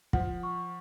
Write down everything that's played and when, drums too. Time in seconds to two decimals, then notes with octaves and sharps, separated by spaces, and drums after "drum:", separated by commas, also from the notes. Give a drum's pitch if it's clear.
0.13 F3 F#5, drum: kick
0.43 C#6